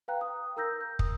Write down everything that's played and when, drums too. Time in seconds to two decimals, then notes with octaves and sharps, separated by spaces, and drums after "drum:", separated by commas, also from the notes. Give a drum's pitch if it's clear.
0.08 B4 F5 G5 A#5 F#6
0.21 D#6
0.57 A#4 A#5 E6 G6 A#6
0.81 G6
0.99 D#6, drum: kick